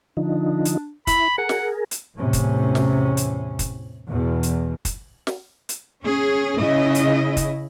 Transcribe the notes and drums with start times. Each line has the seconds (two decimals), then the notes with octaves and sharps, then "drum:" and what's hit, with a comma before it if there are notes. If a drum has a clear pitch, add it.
0.17 D3 F3 D4 D#4
0.65 drum: hi-hat
1.07 E4 B5, drum: kick, hi-hat
1.38 G#4 A#4 F#5
1.49 drum: snare
1.91 drum: hi-hat
2.18 E2 A2 C3 C#4
2.33 drum: kick, hi-hat
2.75 drum: snare
3.17 drum: hi-hat
3.59 drum: kick, hi-hat
4.09 E2 B2
4.43 drum: hi-hat
4.85 drum: kick, hi-hat
5.27 drum: snare
5.69 drum: hi-hat
6.03 C#4 G#4
6.58 C#3 E4 D#5
6.95 drum: hi-hat
7.37 drum: kick, hi-hat